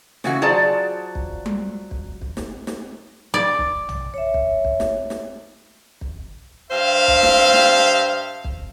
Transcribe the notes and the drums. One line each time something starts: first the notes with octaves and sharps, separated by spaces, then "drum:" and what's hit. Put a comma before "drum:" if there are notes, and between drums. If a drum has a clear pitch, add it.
C#3 E3 F#4, drum: snare
F#3 F4 G#4 C5 D5 A5
drum: kick
drum: tom G3
drum: kick
drum: kick
drum: snare
drum: snare
D5
drum: kick
drum: tom
C#5 E5
drum: kick
drum: kick
drum: snare
drum: snare
drum: kick
G2 C5 E5 F5
drum: kick
drum: snare
drum: snare
drum: kick